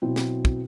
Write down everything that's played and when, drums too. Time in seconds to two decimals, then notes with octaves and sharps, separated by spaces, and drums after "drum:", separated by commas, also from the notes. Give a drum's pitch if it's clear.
0.02 B2 F#3 C4 E4
0.16 drum: snare
0.45 drum: kick